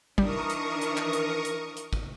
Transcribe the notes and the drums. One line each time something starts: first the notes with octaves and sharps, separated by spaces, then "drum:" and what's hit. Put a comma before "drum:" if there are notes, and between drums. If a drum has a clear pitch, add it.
D#3 E3 G3 D4 A#4 C#6 D#6, drum: kick
drum: hi-hat
drum: hi-hat
drum: clap
drum: hi-hat
drum: hi-hat
drum: hi-hat
drum: kick